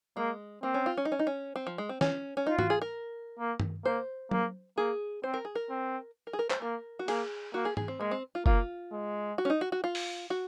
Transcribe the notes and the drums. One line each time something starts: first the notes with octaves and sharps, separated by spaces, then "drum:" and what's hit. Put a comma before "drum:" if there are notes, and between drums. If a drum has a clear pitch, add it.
G#3 A#3
A#3 C4
C#4
F4
C#4
D#4
C#4
D#4
C#4
C4
F3
G#3
C4
C#4, drum: snare
C#4
D#4 F4
F#4, drum: tom G#2
G#4
A#4
A#3
drum: tom G2
A#3 C5
A#3, drum: tom
A#3 G#4
C4 C5
A#4
G#4
A#4
C4
A#4
G#4
A#4
C5, drum: clap
A#3 A#4
F#4
A#3 G#4, drum: cymbal
A#3 F#4
G#4
G#4, drum: tom G#2
C4
G#3 A#3
C4
F4
A#3 F4, drum: kick F#1
G#3
F#4
C#4
D#4
F#4
F#4
F4
drum: open hi-hat
F#4